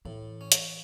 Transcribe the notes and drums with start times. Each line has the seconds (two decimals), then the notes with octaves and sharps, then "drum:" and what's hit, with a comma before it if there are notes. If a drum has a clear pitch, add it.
0.05 A2 E3
0.41 C#4
0.52 drum: hi-hat